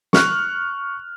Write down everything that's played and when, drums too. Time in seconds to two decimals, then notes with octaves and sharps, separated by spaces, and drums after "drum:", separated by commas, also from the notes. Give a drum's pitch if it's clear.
0.13 C#6 F6 F#6, drum: snare